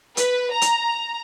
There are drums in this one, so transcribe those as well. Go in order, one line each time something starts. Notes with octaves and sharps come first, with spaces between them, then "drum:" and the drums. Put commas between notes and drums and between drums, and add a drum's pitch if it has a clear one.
B4, drum: hi-hat
A#5
drum: hi-hat